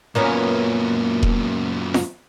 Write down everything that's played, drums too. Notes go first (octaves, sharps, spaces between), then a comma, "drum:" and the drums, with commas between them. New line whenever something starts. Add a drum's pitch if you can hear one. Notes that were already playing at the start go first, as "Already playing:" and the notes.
F#2 A#2 A#3 B3 C#4
drum: kick E1
drum: snare F4